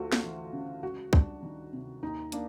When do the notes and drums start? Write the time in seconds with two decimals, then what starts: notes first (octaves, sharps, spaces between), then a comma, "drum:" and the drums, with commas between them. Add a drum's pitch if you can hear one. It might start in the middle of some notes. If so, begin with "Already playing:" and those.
Already playing: D2 A3 F4 F#4
0.12 drum: snare
0.24 E3
0.53 C#3
0.82 C#2 F#4
1.13 G3 D4, drum: kick
1.43 D#3
1.73 C3
2.03 D#2 D#4
2.32 A#3 D4, drum: hi-hat